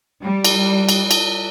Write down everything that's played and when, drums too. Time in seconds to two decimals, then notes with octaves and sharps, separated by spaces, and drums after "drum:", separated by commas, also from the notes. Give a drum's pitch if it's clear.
0.22 G3
0.45 drum: cymbal
0.89 drum: cymbal
1.11 drum: cymbal